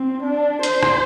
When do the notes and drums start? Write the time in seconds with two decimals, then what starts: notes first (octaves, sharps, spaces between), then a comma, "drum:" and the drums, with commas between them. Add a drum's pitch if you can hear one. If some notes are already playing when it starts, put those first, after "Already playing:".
Already playing: C4
0.24 D4
0.63 C5, drum: hi-hat
0.83 drum: rim click